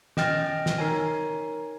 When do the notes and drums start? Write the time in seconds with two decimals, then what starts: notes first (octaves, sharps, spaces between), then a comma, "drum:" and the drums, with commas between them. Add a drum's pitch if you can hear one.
0.17 C#4 D#5 G5 F6 A6 A#6, drum: snare
0.66 drum: snare
0.78 D#4 A#4 C#5 G#5